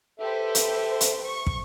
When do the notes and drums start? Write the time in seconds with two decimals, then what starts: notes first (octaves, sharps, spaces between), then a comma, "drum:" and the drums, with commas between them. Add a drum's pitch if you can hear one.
0.20 G4 A4 B4 C5 E5
0.55 drum: hi-hat
1.01 drum: hi-hat
1.24 C#6
1.47 drum: kick